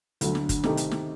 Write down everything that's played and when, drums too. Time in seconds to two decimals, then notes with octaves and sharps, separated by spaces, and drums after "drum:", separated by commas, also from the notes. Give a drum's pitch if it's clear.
0.21 D2 D3 F#3, drum: hi-hat
0.35 drum: snare
0.49 drum: kick, hi-hat
0.64 C3 D#3 A3 D#4 G4, drum: snare
0.77 drum: hi-hat
0.91 drum: snare